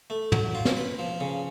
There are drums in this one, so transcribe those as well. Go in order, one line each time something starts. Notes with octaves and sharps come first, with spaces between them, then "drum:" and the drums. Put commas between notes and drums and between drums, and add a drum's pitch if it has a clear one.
A3
F#3, drum: tom
F4
drum: snare
B4
F3
C#3